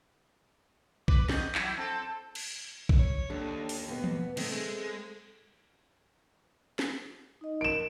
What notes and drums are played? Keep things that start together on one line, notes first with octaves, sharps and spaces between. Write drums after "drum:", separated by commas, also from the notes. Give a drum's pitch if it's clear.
B4 D6, drum: kick
E2 D#5 G6, drum: snare
F#3 E4, drum: clap
C4 A4 A5
drum: cymbal
drum: kick
C#5
D#2 D4 A4
drum: open hi-hat
B2 B3
drum: tom E3
D#3 A3 C4, drum: cymbal
G#3
drum: snare
D#4 D#5
A#4 D7 E7